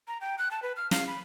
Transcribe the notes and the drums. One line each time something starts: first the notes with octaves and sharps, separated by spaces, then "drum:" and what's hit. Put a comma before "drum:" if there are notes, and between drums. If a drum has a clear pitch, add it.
A#5
G5
F#6
A5
B4
F6
F5, drum: snare
B5